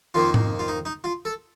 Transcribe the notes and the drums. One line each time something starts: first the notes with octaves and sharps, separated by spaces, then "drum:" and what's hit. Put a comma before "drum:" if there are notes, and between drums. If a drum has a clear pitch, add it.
F2 D#3 A#3 F4
drum: tom G#2
F4
D#4
D#4
F4
A4